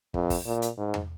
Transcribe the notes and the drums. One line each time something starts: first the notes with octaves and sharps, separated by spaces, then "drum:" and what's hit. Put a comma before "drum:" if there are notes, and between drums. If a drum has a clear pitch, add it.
F2, drum: kick
drum: kick, open hi-hat
A#2
drum: hi-hat
G#2
drum: tom E2